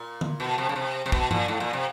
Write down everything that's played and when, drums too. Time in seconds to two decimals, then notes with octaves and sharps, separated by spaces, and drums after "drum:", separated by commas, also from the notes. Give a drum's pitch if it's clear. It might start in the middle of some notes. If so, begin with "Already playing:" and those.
Already playing: A#2
0.21 drum: tom D3
0.40 B2
0.58 C3
0.69 C#3
0.76 C3
1.06 C3
1.12 B2, drum: kick
1.31 A#2, drum: tom G2
1.48 A2
1.60 A#2
1.73 C3